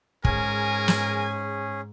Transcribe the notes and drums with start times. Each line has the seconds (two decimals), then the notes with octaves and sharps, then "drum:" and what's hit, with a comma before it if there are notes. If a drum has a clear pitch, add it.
0.25 G#2 C#4 G#4 A#4 G#5, drum: kick
0.88 drum: snare